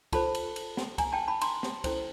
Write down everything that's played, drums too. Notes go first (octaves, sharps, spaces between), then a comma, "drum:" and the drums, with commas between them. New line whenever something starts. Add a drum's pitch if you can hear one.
F4 A4 C5 A5 B5, drum: kick, cymbal
drum: cymbal
drum: cymbal
drum: snare
G#5 A#5, drum: kick, cymbal
G5 A5
A5 B5
A#5 C6, drum: cymbal
drum: snare
C#4 E4 A4 C5, drum: kick, cymbal